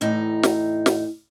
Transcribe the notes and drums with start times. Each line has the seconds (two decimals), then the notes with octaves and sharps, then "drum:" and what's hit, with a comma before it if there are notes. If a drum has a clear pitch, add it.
0.01 E2 A2 D#4
0.43 drum: snare
0.86 drum: snare